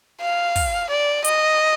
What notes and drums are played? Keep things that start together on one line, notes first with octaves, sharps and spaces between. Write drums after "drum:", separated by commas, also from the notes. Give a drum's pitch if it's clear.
F5
drum: kick, open hi-hat
D5
D#5, drum: hi-hat